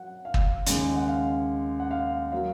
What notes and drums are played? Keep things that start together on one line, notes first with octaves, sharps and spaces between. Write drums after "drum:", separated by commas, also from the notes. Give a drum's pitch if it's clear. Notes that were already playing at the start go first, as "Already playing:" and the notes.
Already playing: F#3 F#5
F5
drum: kick
D#2 C#3 G#3, drum: hi-hat
F#5
F5
F#5
F5
F#3 A#3 F5